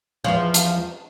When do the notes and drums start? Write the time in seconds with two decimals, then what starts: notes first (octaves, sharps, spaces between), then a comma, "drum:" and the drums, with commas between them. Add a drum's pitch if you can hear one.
0.24 E2 F3
0.54 drum: hi-hat